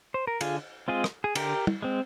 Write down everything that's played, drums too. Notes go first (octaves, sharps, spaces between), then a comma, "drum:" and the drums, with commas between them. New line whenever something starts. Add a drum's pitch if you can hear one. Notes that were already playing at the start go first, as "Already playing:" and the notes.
C5
A#4
D3 F4 G#4, drum: cymbal
G#3 C4 F4 G#4
drum: rim click
G#4
D3 G4 A#4, drum: cymbal
drum: tom
G#3 C4